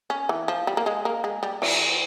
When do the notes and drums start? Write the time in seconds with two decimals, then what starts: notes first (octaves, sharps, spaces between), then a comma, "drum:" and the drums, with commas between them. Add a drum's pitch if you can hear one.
0.10 C#4
0.29 E3
0.48 F3
0.67 G3
0.77 A#3
0.86 G#3
1.05 A#3
1.24 G#3
1.43 G3
1.62 E3, drum: cymbal